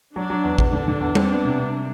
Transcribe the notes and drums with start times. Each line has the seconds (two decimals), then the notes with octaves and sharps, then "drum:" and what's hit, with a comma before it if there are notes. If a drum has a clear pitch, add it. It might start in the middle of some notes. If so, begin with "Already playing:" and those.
0.15 F#3 D4
0.30 F#3
0.44 E2
0.58 E2, drum: kick A1
0.73 D3 D4
0.88 D3
1.01 E2
1.15 C4, drum: tom G3
1.31 B3
1.45 C3
1.60 C3